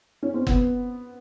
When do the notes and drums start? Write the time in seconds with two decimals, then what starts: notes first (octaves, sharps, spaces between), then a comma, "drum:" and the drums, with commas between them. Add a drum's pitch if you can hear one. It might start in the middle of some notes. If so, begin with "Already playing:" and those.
0.23 C#4
0.34 C4
0.47 B3, drum: kick